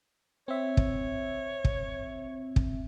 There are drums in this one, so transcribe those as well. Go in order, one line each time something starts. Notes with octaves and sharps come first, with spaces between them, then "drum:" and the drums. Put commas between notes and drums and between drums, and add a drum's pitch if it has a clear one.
C4 C#5 E5
drum: kick
drum: kick
drum: kick